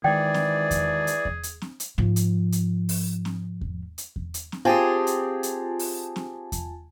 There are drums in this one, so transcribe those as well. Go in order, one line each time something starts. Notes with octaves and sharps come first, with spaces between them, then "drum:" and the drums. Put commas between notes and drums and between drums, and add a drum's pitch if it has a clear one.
D#3 E3 G#3 G#4 D5 G5
drum: snare
drum: kick E2, hi-hat
drum: hi-hat
drum: kick E2
drum: hi-hat
drum: snare
drum: hi-hat
G#2 F3
drum: hi-hat
drum: hi-hat
drum: open hi-hat
drum: snare
drum: kick E2
drum: hi-hat
drum: kick E2
drum: hi-hat
drum: snare
C4 F4 G4 G#4 G#5 A5
drum: hi-hat
drum: hi-hat
drum: open hi-hat
drum: snare
drum: kick E2, hi-hat